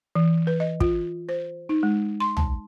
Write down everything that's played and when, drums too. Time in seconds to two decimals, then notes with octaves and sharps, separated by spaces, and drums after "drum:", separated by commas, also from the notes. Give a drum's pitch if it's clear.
0.15 E3
0.47 B4
0.60 D#5
0.80 F4, drum: kick
1.29 C5
1.69 D#4
1.83 G#3
2.20 C6
2.37 A5, drum: tom B1